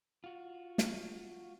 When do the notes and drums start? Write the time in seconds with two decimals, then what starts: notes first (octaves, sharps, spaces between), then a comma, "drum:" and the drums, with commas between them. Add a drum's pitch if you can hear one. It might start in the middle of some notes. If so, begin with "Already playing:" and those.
0.24 F4 F#4
0.78 drum: snare